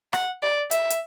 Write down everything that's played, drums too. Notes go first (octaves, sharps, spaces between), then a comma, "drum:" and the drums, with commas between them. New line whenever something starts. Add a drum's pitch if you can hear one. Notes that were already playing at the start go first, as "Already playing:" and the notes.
F#5, drum: rim click
D5
E5, drum: hi-hat
drum: hi-hat